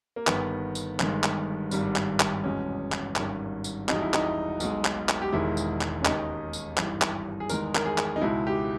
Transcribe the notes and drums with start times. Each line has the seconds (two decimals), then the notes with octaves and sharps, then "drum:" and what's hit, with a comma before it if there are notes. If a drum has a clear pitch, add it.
0.16 A#3
0.27 G1 G2 D#3 B3, drum: clap
0.75 drum: tambourine
1.00 G1 G2 D#3 G#3, drum: clap
1.23 drum: clap
1.71 G#1 G2 D#3 G3, drum: tambourine
1.96 drum: clap
2.20 drum: clap
2.44 E2 B2 G#3 C#4
2.92 drum: clap
3.16 G#1 G2 D#3, drum: clap
3.64 drum: tambourine
3.89 E1 E2 B2 G3 D#4, drum: clap
4.01 E4
4.14 D#4, drum: clap
4.60 B1 B2 G#3, drum: tambourine
4.85 drum: clap
5.09 drum: clap
5.22 G4
5.33 E1 E2 D#3 G#3 E4
5.57 drum: tambourine
5.81 drum: clap
6.01 C#4
6.05 D#2 D#3 G#3 D#4, drum: clap
6.53 drum: tambourine
6.77 G#1 G2 E3, drum: clap
7.02 drum: clap
7.40 G#4
7.49 E2 D#3 G#3 A#4, drum: tambourine
7.75 A#4, drum: clap
7.86 G#4
7.98 drum: clap
8.16 D#4
8.21 C#2 B2 G#3 E4
8.47 G4